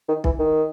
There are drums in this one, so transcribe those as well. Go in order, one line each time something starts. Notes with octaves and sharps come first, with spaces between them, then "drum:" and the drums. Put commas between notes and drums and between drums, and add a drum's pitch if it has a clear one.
D#3
E3, drum: kick B1
D#3